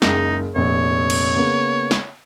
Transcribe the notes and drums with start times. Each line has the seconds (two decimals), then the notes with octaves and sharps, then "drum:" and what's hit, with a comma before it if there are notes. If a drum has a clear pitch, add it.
0.02 F#1 C#2 D#4, drum: snare
0.55 F1 A#1 C#5
1.10 drum: cymbal
1.36 C#3 A#3 B3
1.91 drum: snare